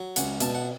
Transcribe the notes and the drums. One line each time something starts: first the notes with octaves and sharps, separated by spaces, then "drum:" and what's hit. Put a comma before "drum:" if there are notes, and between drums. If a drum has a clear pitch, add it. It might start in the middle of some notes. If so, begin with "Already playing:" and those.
Already playing: F#3
C#2 F#5, drum: hi-hat
B2 A5, drum: hi-hat
F#5